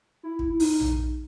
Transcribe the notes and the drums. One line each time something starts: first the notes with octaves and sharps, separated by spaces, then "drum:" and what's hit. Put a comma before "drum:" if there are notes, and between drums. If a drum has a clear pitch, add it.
E4
drum: kick
E4
D#4, drum: open hi-hat
drum: tom A#1